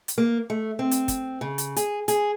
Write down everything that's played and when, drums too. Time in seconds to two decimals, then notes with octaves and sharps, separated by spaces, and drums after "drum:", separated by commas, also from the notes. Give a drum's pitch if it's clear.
0.08 drum: hi-hat
0.18 A#3
0.50 A3
0.79 C4
0.91 drum: hi-hat
1.08 drum: kick, hi-hat
1.41 C#3
1.58 drum: hi-hat
1.76 G#4, drum: hi-hat
2.08 G#4, drum: hi-hat